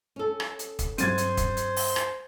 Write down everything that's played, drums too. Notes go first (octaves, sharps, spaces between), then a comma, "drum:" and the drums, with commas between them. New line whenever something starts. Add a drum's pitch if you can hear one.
C#4 A4
drum: rim click
drum: hi-hat
drum: kick, hi-hat
G2 F#3 C4 C5 G#6 A6 D#7, drum: hi-hat
drum: hi-hat
drum: kick, hi-hat
drum: hi-hat
drum: open hi-hat
drum: rim click